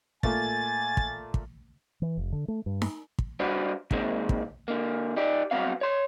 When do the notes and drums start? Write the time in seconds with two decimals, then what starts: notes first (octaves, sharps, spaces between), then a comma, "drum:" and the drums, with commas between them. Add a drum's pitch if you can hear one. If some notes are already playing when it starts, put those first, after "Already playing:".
0.23 A#2 A3 A#3 G#5 A6, drum: kick
0.97 drum: kick
1.34 drum: kick
2.02 E3
2.17 F1
2.32 D3
2.48 A3
2.66 G2
2.82 drum: snare D#4
3.19 drum: kick
3.40 G3 D4 F#4 B4 C5 D5
3.91 C3 D#3 G#3 A#3 C4, drum: kick
4.29 drum: kick
4.68 D3 A#3
5.17 D#4 G4 D5
5.51 G2 C#3 F#3 B3 C4 F5
5.81 C#5 C6